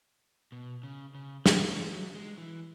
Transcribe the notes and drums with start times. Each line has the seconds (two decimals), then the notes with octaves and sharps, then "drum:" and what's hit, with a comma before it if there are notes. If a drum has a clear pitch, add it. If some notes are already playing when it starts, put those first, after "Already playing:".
0.52 B2
0.83 C#3
1.15 C#3
1.46 D#3, drum: snare
1.69 E3
1.91 F#3
2.15 G#3
2.38 E3